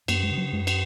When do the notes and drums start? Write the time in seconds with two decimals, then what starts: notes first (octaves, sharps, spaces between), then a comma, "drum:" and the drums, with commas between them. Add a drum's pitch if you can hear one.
0.08 F#2 A#3, drum: cymbal
0.23 G#3
0.31 C#3
0.38 F#3
0.52 F#2 G#3
0.67 drum: cymbal